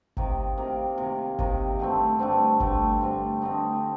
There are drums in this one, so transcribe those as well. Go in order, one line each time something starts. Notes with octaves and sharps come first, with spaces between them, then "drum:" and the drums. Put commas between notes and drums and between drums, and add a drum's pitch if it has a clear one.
C3 D#3 A#3, drum: kick G1
C3 D#3 A#3
C3 D#3 A#3
C3 D#3 A#3, drum: kick G1
G2 D3 A3 C4
G2 D3 A3 C4
G2 D3 A3 C4, drum: kick G1
G2 D3 A3 C4
D3 A3 C4 D#4